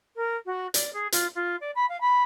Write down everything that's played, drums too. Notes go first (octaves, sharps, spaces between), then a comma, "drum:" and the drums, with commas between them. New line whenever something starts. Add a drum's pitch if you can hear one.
A#4
F#4
D5, drum: hi-hat
G#4
F4, drum: hi-hat
F4
D5
B5
F5
B5